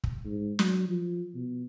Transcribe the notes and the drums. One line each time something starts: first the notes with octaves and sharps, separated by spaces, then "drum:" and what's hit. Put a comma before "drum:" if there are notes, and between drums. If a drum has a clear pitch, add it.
drum: kick
G#2
F#3, drum: snare
F3
B2